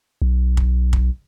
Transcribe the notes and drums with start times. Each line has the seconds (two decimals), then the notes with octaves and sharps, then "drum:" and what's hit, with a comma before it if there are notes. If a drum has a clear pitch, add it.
0.22 B1
0.57 drum: kick
0.93 drum: kick